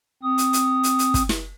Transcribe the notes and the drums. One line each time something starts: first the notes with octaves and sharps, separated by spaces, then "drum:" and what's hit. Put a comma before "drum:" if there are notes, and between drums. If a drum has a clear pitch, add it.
C4 D#6
drum: hi-hat
drum: hi-hat
drum: hi-hat
drum: hi-hat
drum: kick, hi-hat
drum: snare